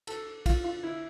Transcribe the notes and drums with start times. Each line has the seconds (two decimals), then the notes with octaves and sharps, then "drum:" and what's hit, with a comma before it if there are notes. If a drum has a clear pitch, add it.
0.07 A4, drum: cymbal
0.46 F4, drum: kick, cymbal
0.64 F4
0.83 E4